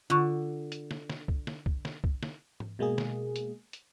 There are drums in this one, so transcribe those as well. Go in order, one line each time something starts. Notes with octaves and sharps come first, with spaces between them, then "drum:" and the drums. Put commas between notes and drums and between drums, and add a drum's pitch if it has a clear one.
D3 F4 C#6
drum: hi-hat
drum: snare
drum: snare
drum: kick
drum: snare
drum: kick
drum: snare
drum: kick
drum: snare
drum: tom G#2
B2 G#3 A#3 G#4
drum: snare
drum: hi-hat
drum: hi-hat